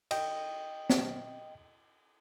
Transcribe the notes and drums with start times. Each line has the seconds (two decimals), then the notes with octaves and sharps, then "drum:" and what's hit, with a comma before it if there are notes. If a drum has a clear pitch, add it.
0.11 D#5 G5, drum: cymbal
0.90 drum: snare